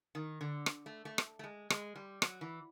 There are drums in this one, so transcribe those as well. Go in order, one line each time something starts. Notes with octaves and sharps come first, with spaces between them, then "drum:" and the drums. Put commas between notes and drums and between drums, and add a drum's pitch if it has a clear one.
D#3
D3
drum: rim click
A3
A3
drum: rim click
A3
G#3
G#3, drum: rim click
G3
F#3, drum: rim click
E3